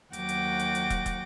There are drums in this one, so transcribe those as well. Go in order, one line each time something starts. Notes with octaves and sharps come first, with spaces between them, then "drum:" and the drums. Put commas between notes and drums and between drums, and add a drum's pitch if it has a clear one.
D#2 F#3 F#5 G5 D6 A#6, drum: hi-hat
drum: hi-hat
drum: hi-hat
drum: hi-hat
drum: kick, hi-hat
drum: kick, hi-hat